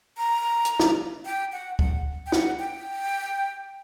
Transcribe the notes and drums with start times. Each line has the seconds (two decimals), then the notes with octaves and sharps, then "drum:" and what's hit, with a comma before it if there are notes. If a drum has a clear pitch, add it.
0.18 A#5
0.65 drum: hi-hat
0.80 drum: snare
1.26 G5
1.53 F#5
1.79 F#5, drum: kick
2.26 G5
2.32 F#5, drum: snare
2.59 G5